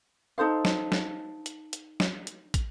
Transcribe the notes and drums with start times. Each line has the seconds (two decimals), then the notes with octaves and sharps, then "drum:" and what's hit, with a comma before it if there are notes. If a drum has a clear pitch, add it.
0.38 D#4 A4 C5 F5
0.65 drum: snare
0.92 drum: snare
1.46 drum: hi-hat
1.73 drum: hi-hat
2.00 drum: snare
2.27 drum: hi-hat
2.54 drum: kick, hi-hat